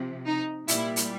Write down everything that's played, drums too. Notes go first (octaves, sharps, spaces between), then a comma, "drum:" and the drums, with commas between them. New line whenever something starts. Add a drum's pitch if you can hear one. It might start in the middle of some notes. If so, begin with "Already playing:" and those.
Already playing: C3 F3
D#4
A#2 G3 E4, drum: hi-hat
drum: hi-hat